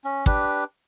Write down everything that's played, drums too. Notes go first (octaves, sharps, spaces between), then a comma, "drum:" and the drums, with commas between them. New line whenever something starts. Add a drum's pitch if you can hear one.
C#4
D4 G4 B4, drum: kick